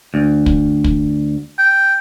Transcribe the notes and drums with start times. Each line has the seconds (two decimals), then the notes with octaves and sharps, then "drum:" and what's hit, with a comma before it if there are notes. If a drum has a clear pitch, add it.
0.14 D2
0.46 drum: kick
0.84 drum: kick
1.58 G5